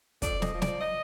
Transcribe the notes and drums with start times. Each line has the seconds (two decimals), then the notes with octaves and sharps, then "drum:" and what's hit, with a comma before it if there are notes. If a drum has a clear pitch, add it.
0.22 F2 D5, drum: kick, hi-hat
0.36 F2
0.42 D#5, drum: snare
0.52 F3
0.62 D5, drum: snare
0.67 F3
0.81 D#5